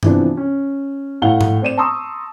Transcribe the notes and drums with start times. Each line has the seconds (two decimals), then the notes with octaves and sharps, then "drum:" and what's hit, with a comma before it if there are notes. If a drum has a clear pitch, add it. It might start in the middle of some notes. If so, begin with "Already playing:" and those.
0.03 C3 E3 F3 B3 C4 D4, drum: tom G2
0.37 C#4
1.22 A2 A3 F5 F#5 G7
1.41 drum: tom G#2
1.62 C4 D5 D#7 E7
1.78 A5 A#5 C6 C#6 D#6 E6